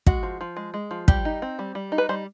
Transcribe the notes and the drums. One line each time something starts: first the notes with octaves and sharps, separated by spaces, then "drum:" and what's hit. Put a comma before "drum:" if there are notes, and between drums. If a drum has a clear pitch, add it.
G#3 F#4, drum: kick
F3
F3
G#3
G#3
F3
G3 G4, drum: kick
D#4
C4
G3
G3
D#4
B4
G3 C5